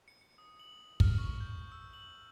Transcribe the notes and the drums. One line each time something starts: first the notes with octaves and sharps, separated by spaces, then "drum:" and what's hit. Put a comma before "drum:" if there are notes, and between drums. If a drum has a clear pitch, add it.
C#7
C#7
D#6
F#7
F6, drum: kick
C#6
G6
E6
F#7